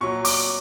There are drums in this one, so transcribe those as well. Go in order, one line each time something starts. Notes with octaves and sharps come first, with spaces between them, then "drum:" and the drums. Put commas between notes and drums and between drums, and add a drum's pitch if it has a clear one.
A#2 F#3 C#6
D6, drum: open hi-hat